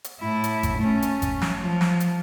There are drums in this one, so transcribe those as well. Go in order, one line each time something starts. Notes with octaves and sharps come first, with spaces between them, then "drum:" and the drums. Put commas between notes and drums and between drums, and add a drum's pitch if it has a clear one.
drum: hi-hat
A2 E4
drum: hi-hat
drum: kick G1, hi-hat
A3 C#4
drum: hi-hat
drum: kick G1, hi-hat
drum: snare
F3
drum: snare
drum: hi-hat